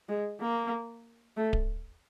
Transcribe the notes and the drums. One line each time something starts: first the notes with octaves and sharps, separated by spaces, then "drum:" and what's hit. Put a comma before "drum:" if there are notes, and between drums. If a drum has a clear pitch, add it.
G#3
A#3
A3
drum: kick D1